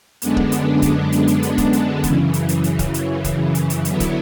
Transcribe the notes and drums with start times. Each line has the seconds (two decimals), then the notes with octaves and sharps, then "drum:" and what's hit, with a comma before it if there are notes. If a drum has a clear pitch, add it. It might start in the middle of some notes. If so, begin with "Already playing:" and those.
0.22 F#2 D3 G#3 B3 D4, drum: hi-hat
0.37 drum: kick
0.52 drum: hi-hat
0.82 drum: kick, hi-hat
1.12 drum: hi-hat
1.28 drum: hi-hat
1.43 drum: hi-hat
1.58 drum: kick, hi-hat
1.73 drum: hi-hat
2.04 F#2 C#3 E3, drum: kick, hi-hat
2.34 drum: hi-hat
2.49 drum: hi-hat
2.64 drum: hi-hat
2.79 drum: kick, hi-hat
2.94 drum: hi-hat
3.24 drum: kick, hi-hat
3.55 drum: hi-hat
3.70 drum: hi-hat
3.85 D3 F#3 B3 E4, drum: hi-hat
4.00 drum: kick, hi-hat